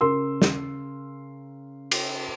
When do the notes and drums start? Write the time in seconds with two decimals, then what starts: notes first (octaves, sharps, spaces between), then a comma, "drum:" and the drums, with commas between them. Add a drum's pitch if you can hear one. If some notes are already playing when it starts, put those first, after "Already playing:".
0.01 C#3 A#4 C6 E6
0.42 drum: snare
1.91 drum: cymbal